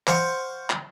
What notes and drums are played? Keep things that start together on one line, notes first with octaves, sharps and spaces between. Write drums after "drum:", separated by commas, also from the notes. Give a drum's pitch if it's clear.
C5 F5 F#5 C#6, drum: clap
drum: clap